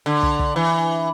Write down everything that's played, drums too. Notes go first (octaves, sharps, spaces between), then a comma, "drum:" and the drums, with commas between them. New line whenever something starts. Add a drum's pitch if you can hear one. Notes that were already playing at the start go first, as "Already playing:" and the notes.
D3
drum: kick
drum: kick
E3